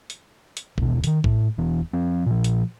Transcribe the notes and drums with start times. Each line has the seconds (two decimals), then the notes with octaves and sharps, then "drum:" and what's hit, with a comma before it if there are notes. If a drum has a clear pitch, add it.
0.10 drum: hi-hat
0.57 drum: hi-hat
0.78 D#1 B2, drum: kick A1
1.04 D3 D#3, drum: hi-hat
1.24 A2, drum: kick A1
1.58 E1 E3 B3
1.93 F3 C4
2.26 A#2 F3
2.44 drum: hi-hat